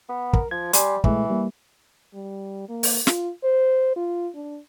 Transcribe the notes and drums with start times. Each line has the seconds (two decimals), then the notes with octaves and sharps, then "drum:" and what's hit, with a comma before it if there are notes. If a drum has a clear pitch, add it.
0.09 B3
0.33 A#4, drum: kick
0.51 F3 G#6
0.73 G3 G#5 C6, drum: hi-hat
1.04 A#2 E3 G#3 A3, drum: kick
1.30 G3 A#3
2.14 G3
2.69 A#3
2.83 drum: open hi-hat
3.07 F4, drum: snare
3.43 C5
3.96 F4
4.35 D4